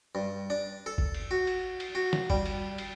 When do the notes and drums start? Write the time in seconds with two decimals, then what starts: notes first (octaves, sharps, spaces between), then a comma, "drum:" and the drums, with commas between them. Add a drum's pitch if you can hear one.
0.15 G2
0.50 D4
0.86 A4
0.98 drum: kick G1
1.14 drum: cymbal
1.31 F#4
1.47 drum: cymbal
1.80 drum: cymbal
1.95 F#4
2.13 drum: snare
2.30 G3, drum: kick G1
2.46 drum: cymbal
2.78 drum: cymbal